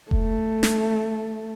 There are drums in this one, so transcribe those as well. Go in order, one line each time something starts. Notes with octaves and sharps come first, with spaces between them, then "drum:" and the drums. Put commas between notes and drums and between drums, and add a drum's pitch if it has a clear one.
A3, drum: kick F1
drum: snare